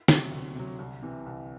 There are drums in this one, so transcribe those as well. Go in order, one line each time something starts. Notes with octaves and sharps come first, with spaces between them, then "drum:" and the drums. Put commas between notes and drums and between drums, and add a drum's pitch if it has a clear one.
C3 F#3, drum: snare
D2
C3 F#3
C2
C3 E3
C2